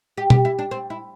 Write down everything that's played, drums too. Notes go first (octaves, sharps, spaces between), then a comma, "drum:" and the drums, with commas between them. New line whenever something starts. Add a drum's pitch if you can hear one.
G4
G4, drum: tom B2
E4
D4
C4
E4